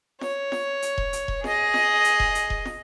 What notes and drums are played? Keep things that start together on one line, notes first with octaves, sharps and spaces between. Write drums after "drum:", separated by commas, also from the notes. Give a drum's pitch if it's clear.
C#5, drum: snare
drum: snare
drum: hi-hat
drum: kick E1
drum: hi-hat
drum: kick E1
G#4 D#5, drum: snare
drum: snare
drum: hi-hat
drum: kick E1
drum: hi-hat
drum: kick E1
drum: snare